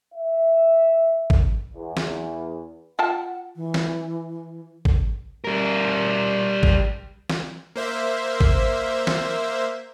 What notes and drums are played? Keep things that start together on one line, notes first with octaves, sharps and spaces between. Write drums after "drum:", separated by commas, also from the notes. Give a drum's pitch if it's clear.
E5
drum: kick
E2
drum: snare
F4 F#5 G5 A5
E3
drum: snare
drum: kick
G3 A#4
drum: kick
drum: snare
A#3 C5 E5
drum: kick
drum: snare